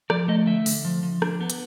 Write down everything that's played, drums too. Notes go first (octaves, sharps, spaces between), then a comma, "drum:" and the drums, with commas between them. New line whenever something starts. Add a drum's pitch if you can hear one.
F3 D5, drum: rim click
A3 D#5
D3 E5
D3, drum: open hi-hat
F3
F3
D4, drum: rim click
B3
drum: hi-hat